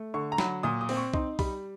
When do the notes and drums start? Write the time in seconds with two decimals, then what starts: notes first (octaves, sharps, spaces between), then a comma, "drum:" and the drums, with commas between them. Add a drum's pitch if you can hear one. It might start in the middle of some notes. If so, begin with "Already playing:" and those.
Already playing: A3
0.14 D3 C#6
0.32 A#5
0.38 F#3 B5, drum: snare
0.63 A#2 D#6
0.81 D#6
0.89 C4, drum: open hi-hat
0.97 C#6
1.14 D#4 C6, drum: kick B1
1.39 G3 B5, drum: kick B1, open hi-hat